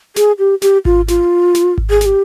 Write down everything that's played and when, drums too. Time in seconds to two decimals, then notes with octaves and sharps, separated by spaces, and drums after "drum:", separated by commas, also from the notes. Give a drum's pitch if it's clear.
0.16 G#4, drum: snare
0.39 G4
0.62 G4, drum: snare
0.85 F4, drum: kick G#1
1.08 F4, drum: snare
1.55 drum: snare
1.78 drum: kick G#1
1.90 G#4
2.01 G#4, drum: snare
2.06 G4